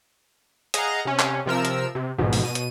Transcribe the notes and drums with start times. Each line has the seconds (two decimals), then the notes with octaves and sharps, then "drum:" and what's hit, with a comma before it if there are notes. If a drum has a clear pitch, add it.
0.74 G#4 D#5 F5 F#5 A#5, drum: hi-hat
1.05 C3 C#4
1.19 drum: clap
1.46 C3 F3 A#4 E6
1.65 drum: hi-hat
1.95 C3
2.18 A1 F2 G#2 B2
2.33 drum: open hi-hat
2.43 B2 D#7
2.55 drum: hi-hat